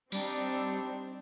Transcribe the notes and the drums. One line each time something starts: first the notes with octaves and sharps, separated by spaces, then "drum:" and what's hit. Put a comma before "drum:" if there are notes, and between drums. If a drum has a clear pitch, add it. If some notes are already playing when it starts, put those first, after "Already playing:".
G3 C4 D4 D#4 D5, drum: tambourine